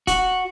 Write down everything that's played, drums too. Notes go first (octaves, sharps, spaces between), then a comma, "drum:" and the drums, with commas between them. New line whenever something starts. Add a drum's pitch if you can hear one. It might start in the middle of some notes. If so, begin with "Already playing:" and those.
F#4, drum: kick D#1, hi-hat